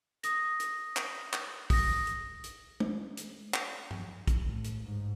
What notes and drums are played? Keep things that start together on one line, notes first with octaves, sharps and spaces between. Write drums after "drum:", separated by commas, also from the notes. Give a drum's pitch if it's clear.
D#6 A#6, drum: hi-hat
drum: hi-hat
drum: clap
drum: clap
D#6 A#6, drum: kick, open hi-hat
drum: hi-hat
drum: hi-hat
drum: tom
drum: hi-hat
drum: clap
drum: tom G2
drum: kick, hi-hat
A2
drum: hi-hat
G#2